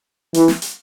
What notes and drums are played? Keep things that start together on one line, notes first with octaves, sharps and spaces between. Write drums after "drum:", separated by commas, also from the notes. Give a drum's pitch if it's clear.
E3, drum: hi-hat
drum: snare
drum: hi-hat